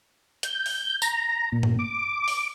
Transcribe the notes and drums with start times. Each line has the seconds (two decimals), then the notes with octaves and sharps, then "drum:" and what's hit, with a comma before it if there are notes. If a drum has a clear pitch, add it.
0.43 G6, drum: hi-hat
0.66 drum: open hi-hat
1.02 A#5, drum: tambourine
1.52 A#2
1.63 drum: tom G2
1.79 D6
2.28 drum: open hi-hat